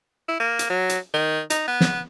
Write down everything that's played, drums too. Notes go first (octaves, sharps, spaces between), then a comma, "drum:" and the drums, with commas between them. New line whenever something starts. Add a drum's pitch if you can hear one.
E4
A#3
drum: hi-hat
F#3
drum: hi-hat
D#3
D#4, drum: hi-hat
B3
drum: snare